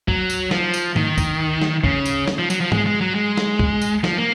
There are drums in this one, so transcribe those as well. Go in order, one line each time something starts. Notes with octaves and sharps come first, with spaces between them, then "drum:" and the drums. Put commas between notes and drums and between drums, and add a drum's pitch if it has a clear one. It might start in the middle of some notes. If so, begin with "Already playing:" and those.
F#3, drum: kick
drum: tambourine
F3, drum: snare
drum: tambourine
D#3, drum: tom G#2
drum: kick, tambourine
drum: snare
C#3, drum: kick
drum: tambourine
drum: snare
F3
F#3, drum: tambourine
F3
G#3, drum: tom G#2
G#3
F#3
G#3
drum: snare
drum: kick
drum: tambourine
F3, drum: snare
A#3